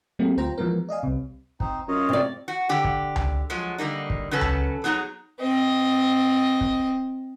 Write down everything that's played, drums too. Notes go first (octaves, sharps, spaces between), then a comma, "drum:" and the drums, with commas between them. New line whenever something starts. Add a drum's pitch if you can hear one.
F#3 A3 A#3 C4 G4
D2 F4 C5 G5 A#5
E3 F3 G#3 B3 A#4
D5 D#5 F5 G#5
C2 C3
C4 D#4, drum: kick
F#2 F4 C#5 D#5
C3 D5
F#4
D3 G4
drum: kick
drum: tom C#2
F3 F#3 G#3
D3 G3 A#3 D#4
drum: kick
C#3 F#3 C#4 A4 B4 A5
drum: tom C#2
F#3 B3 D#4 G#4 A#5
C4 D#5
drum: kick